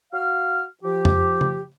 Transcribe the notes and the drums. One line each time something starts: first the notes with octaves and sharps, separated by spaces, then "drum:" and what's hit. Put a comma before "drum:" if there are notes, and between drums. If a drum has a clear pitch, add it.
F#4 F5 F6
F3 G4
drum: tom F2
drum: tom C#3